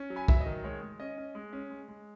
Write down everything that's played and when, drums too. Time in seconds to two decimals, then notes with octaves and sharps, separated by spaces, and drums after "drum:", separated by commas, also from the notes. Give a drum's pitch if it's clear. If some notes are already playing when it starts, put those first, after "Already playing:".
Already playing: C#4
0.10 F#3
0.16 G#5 B5
0.28 F#3 E5, drum: kick
0.40 D#5
0.46 D#3
0.64 G#3 C#5
0.82 G#3
1.00 C#4 D#5
1.18 C#4
1.35 G#3
1.53 C#4
1.70 G#3
1.88 G#3